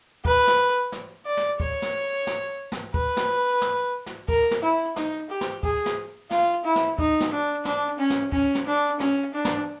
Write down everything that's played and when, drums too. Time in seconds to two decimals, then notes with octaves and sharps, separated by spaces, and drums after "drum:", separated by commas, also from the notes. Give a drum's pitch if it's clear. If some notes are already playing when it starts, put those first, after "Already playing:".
0.25 B4, drum: kick
0.47 drum: snare
0.92 drum: snare
1.26 D5
1.37 drum: snare
1.60 C#5, drum: kick
1.82 drum: snare
2.27 drum: snare
2.72 drum: snare
2.94 B4, drum: kick
3.17 drum: snare
3.61 drum: snare
4.06 drum: snare
4.29 A#4, drum: kick
4.51 drum: snare
4.62 E4
4.96 D#4, drum: snare
5.30 G4
5.41 drum: snare
5.63 G#4, drum: kick
5.86 drum: snare
6.31 F4, drum: snare
6.64 E4
6.76 drum: snare
6.99 D#4, drum: kick
7.20 drum: snare
7.32 D4
7.65 D4, drum: snare
7.99 C#4
8.10 drum: snare
8.32 C#4, drum: kick
8.55 drum: snare
8.67 D4
9.00 C#4, drum: snare
9.34 D4
9.45 drum: snare